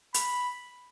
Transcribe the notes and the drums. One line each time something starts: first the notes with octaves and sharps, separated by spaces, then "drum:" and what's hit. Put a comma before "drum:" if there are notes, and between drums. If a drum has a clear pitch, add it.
B5, drum: hi-hat